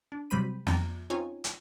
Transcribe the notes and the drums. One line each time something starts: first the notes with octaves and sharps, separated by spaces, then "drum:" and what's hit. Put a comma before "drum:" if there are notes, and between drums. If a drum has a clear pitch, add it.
D4
C3 F#3 G3 C5 B5 D#7
F2 C4 D5 A#5, drum: snare
C4 C#4 D#4 F4 C#5 G#5
drum: hi-hat